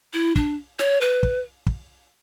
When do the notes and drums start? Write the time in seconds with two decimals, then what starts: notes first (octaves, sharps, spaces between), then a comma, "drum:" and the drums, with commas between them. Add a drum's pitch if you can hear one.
0.13 E4
0.36 D4, drum: kick
0.79 C#5, drum: snare
1.01 B4
1.23 drum: kick
1.67 drum: kick